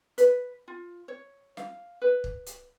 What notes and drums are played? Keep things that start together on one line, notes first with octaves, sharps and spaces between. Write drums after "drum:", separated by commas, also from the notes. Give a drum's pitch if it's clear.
B4, drum: hi-hat
F4
C#5
F5, drum: snare
B4
drum: kick
drum: hi-hat